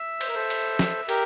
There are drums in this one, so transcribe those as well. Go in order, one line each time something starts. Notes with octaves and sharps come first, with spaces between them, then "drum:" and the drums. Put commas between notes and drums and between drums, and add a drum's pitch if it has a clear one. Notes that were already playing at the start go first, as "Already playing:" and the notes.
Already playing: E5
C5, drum: cymbal
A#4
A4 C5
drum: cymbal
drum: snare
G4 A#4, drum: cymbal